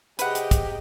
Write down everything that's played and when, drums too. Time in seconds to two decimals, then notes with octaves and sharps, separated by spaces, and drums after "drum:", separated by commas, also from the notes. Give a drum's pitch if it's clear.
0.19 C3 G4 G#4 B4 D#5 F#5 G5, drum: hi-hat
0.35 drum: hi-hat
0.51 drum: kick, hi-hat